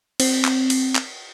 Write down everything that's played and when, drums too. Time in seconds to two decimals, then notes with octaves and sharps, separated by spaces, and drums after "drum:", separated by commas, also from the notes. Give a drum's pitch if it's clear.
0.20 C4, drum: cymbal
0.45 drum: clap
0.70 drum: cymbal
0.95 drum: clap